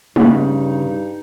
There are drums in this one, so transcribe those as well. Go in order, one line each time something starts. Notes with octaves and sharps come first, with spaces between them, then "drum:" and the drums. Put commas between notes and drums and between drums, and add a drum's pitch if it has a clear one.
G2 C#3 D#4 F#5, drum: tom G#3